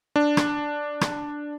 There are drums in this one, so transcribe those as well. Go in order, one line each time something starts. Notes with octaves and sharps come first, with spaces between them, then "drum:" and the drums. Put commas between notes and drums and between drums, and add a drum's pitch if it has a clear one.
D4
drum: rim click
drum: rim click